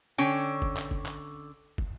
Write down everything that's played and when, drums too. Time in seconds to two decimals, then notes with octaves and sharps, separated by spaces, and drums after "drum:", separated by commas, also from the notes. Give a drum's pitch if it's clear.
0.18 D3 C#4 C#5 G5
0.62 drum: kick
0.76 drum: clap
0.91 drum: kick
1.06 drum: clap
1.78 drum: kick